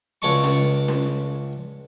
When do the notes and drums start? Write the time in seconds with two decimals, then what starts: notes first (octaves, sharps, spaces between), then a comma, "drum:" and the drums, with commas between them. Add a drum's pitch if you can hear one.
0.22 C#2 C#5 D5 A5 C#6
0.44 drum: snare C#4
0.88 drum: snare C#4